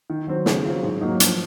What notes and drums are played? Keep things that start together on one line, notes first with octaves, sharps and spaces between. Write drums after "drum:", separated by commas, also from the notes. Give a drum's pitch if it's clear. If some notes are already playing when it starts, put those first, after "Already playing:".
D#3
F#3 C4
C#3, drum: snare
F#3 C4 F4
G#2
F#3 A#3 D#4
F3, drum: hi-hat